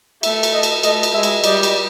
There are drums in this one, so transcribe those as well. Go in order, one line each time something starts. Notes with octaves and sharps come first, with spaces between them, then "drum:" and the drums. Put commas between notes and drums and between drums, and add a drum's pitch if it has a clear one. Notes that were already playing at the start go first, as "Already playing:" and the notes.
A3 E5, drum: cymbal
drum: cymbal
D#5
drum: cymbal
A3 D#5, drum: cymbal
drum: cymbal
G#3 E5
drum: cymbal
G3 D#5, drum: cymbal
drum: cymbal